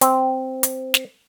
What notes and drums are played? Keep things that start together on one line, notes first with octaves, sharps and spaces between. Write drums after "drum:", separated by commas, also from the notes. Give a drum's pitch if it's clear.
C4, drum: hi-hat
drum: hi-hat
drum: snare